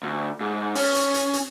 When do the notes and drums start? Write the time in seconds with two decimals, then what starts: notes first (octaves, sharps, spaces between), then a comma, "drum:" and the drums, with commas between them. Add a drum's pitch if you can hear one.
0.03 D2
0.41 G#2
0.75 C#4, drum: open hi-hat
0.95 drum: hi-hat
1.14 drum: hi-hat
1.33 drum: hi-hat